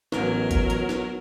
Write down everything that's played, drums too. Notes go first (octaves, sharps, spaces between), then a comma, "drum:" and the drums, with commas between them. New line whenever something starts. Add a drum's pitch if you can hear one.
A1 F#3 B3 A#4, drum: snare
drum: kick G1, hi-hat
drum: hi-hat
drum: snare